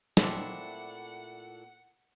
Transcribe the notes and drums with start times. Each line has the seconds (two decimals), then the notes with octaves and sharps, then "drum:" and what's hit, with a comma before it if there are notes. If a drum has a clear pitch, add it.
0.17 A#2 A3 C4 D4 E4 A4 F#5, drum: snare